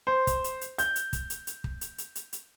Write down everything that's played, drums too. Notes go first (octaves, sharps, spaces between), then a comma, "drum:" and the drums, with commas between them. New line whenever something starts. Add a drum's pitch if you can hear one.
C5
drum: kick, hi-hat
drum: hi-hat
drum: hi-hat
G6, drum: hi-hat
drum: hi-hat
drum: kick, hi-hat
drum: hi-hat
drum: hi-hat
drum: kick
drum: hi-hat
drum: hi-hat
drum: hi-hat
drum: hi-hat